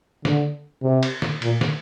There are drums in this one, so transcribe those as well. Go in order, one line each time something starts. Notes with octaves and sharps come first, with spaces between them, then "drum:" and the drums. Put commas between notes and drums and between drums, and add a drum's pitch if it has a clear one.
D3, drum: snare
C3
drum: cymbal
drum: snare
A#2, drum: cymbal
drum: snare